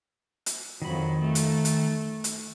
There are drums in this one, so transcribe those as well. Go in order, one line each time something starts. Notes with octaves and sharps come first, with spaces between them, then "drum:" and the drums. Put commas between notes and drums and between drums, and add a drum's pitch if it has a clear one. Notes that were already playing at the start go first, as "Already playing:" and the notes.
drum: hi-hat
F2 D#3 F#3 B5
A3
drum: hi-hat
drum: hi-hat
drum: hi-hat